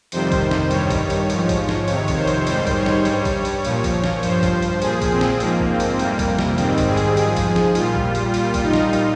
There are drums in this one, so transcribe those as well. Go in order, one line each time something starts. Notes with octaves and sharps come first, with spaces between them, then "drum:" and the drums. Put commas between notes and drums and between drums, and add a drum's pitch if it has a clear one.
F2 C3 D#3 G3 C5, drum: hi-hat
drum: kick A#1, hi-hat
drum: snare
G2 D#3 G3 C#5, drum: hi-hat
drum: kick A#1, hi-hat
drum: hi-hat
G#2 F3, drum: hi-hat
drum: kick A#1, hi-hat
drum: snare
F2 C3 D#3 C#5, drum: hi-hat
drum: kick A#1, hi-hat
C5
drum: hi-hat
G#2 D#3 G3 C5, drum: hi-hat
drum: kick A#1, hi-hat
C#5
drum: snare
G2 G3, drum: hi-hat
drum: kick A#1, hi-hat
drum: hi-hat
A#2 F3, drum: hi-hat
drum: kick A#1, hi-hat
drum: snare
G2 F3 C5, drum: hi-hat
drum: kick A#1, hi-hat
drum: hi-hat
A#2 F3 G#4, drum: hi-hat
drum: kick A#1, hi-hat
C4
drum: snare
G#2 F3 A#3, drum: hi-hat
drum: kick A#1
C4
drum: hi-hat
F2 C3 G3 A#3, drum: hi-hat
drum: kick A#1, hi-hat
drum: snare
G#2 D#3 G3 C4, drum: hi-hat
drum: kick A#1, hi-hat
G#4
drum: hi-hat
G#2 F3 G#4, drum: hi-hat
drum: kick A#1, hi-hat
drum: snare
A#2 G3 F4, drum: hi-hat
drum: kick A#1
drum: hi-hat
A#2 G3 F4, drum: hi-hat
drum: kick A#1, hi-hat
D#4
drum: snare
drum: hi-hat